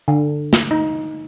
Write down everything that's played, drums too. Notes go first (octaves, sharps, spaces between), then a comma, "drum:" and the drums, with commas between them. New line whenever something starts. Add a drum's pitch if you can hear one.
D3
drum: snare
D#4